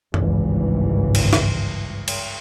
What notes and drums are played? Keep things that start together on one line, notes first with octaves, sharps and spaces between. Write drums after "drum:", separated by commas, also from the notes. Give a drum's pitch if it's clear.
G#1 C#2 G2 E3, drum: tom F2
drum: cymbal
drum: snare
drum: cymbal